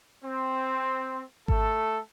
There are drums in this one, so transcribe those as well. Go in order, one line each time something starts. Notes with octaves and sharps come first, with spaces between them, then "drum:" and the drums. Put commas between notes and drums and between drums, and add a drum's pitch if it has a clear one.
C4
A3 A4, drum: kick G#1